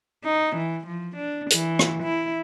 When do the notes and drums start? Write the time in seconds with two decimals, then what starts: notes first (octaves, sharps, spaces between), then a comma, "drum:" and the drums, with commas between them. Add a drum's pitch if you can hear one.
0.24 D#4
0.56 E3
0.87 F3
1.16 D4
1.50 E3, drum: hi-hat
1.79 drum: rim click
2.03 E4